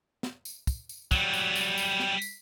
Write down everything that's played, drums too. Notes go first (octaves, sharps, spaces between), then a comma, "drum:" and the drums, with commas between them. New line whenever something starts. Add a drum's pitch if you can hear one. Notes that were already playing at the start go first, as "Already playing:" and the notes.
drum: snare
drum: tambourine
drum: kick, tambourine
drum: tambourine
F#3 G3, drum: kick, tambourine
drum: tambourine
drum: tambourine
drum: tambourine
drum: snare
drum: tambourine